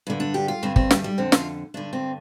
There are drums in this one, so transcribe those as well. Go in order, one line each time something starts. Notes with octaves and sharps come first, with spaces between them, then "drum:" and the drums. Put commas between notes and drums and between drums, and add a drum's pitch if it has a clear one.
G2 D3
D4
G4
F4
G2 D3 C4
C4, drum: kick
G3, drum: snare
G3
F2 D3 C4
F4, drum: snare
G2 D3 D4
C4